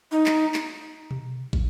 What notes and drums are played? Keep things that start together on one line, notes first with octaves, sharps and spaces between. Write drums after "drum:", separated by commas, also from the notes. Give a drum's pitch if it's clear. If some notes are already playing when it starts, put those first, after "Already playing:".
D#4
drum: clap
drum: clap
drum: tom B2
drum: kick